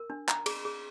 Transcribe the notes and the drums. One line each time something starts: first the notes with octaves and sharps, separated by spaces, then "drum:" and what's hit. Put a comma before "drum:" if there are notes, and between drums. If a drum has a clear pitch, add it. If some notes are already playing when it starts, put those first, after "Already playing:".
Already playing: A#4
D4
A#5, drum: clap
G#4, drum: cymbal
G#4